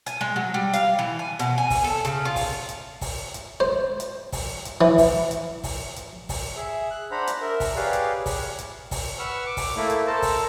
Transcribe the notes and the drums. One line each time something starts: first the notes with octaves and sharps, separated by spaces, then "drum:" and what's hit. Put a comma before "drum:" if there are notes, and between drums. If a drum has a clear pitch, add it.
G#5, drum: hi-hat
G#3
F#3
G3
F5, drum: hi-hat
E3
G#5
B2, drum: hi-hat
G#5
drum: kick, open hi-hat
A4
C#3, drum: hi-hat
F4
drum: kick, open hi-hat
drum: hi-hat
drum: kick, open hi-hat
drum: hi-hat
C5
drum: hi-hat
drum: kick, open hi-hat
drum: hi-hat
E3
drum: kick, open hi-hat
drum: hi-hat
drum: kick, open hi-hat
drum: hi-hat
drum: kick, open hi-hat
G#4 E5
F#6
D4 C5 F#5 A#5 B5
drum: hi-hat
A#4 E5
drum: kick, open hi-hat
G4 G#4 B4 C#5 D5 F5
drum: hi-hat
drum: kick, open hi-hat
drum: hi-hat
drum: kick, open hi-hat
B4 F#5 C#6 E6 F6
D6
drum: kick, open hi-hat
A3 A#3 E4
drum: hi-hat
A4 A#4 C5 A5
drum: kick, open hi-hat